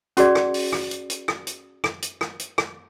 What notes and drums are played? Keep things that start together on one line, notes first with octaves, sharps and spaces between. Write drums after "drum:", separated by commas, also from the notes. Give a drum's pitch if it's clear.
C#4 F#4 G#4 D5, drum: hi-hat
drum: rim click
drum: open hi-hat
drum: rim click
drum: hi-hat
drum: hi-hat
drum: rim click
drum: hi-hat
drum: rim click
drum: hi-hat
drum: rim click
drum: hi-hat
drum: rim click